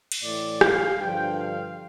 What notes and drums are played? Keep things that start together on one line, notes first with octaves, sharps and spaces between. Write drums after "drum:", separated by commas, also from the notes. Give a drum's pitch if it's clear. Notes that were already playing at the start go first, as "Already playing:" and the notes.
drum: cymbal
A2 E3 D5
F5, drum: rim click
G2 D3 F3 G5
F5